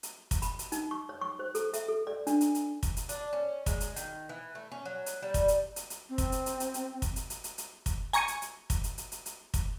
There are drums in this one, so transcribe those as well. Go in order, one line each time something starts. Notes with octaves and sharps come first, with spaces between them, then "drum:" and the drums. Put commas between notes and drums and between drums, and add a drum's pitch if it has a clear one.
drum: hi-hat
drum: kick, hi-hat
B5, drum: hi-hat
drum: hi-hat
D#4, drum: hi-hat
C#6
C#5
C#6
C5
A4, drum: hi-hat
E5, drum: hi-hat
A4
D5
D4, drum: hi-hat
drum: hi-hat
drum: hi-hat
drum: kick, hi-hat
drum: hi-hat
D4, drum: hi-hat
C#4
G#3, drum: kick, hi-hat
drum: hi-hat
D#3, drum: hi-hat
E3
A3
C#4
F#3
drum: hi-hat
G3
drum: kick, hi-hat
drum: hi-hat
drum: hi-hat
drum: hi-hat
C4
drum: kick, hi-hat
drum: hi-hat
drum: hi-hat
drum: hi-hat
drum: hi-hat
drum: kick, hi-hat
drum: hi-hat
drum: hi-hat
drum: hi-hat
drum: hi-hat
drum: kick, hi-hat
G#5 A#5 C#6 G#6 C#7 D#7, drum: hi-hat
drum: hi-hat
drum: hi-hat
drum: kick, hi-hat
drum: hi-hat
drum: hi-hat
drum: hi-hat
drum: hi-hat
drum: kick, hi-hat